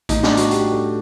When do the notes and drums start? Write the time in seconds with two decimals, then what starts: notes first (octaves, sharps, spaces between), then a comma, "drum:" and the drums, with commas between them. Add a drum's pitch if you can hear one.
0.09 A2 D#4, drum: kick, hi-hat
0.23 D4, drum: snare
0.37 F#4, drum: hi-hat
0.51 G4, drum: hi-hat
0.72 A4